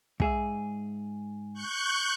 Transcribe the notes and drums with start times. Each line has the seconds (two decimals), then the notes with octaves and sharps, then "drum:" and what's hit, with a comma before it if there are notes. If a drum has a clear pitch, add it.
0.20 G#2 G#4 E5, drum: kick
1.53 C#6 F#6 G6